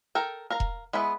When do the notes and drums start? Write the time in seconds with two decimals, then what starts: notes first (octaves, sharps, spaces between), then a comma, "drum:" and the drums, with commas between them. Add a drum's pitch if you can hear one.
0.15 A4 A#4 G5
0.50 A#4 F5 A#5
0.60 drum: kick E1
0.93 G#3 B3 E4 B4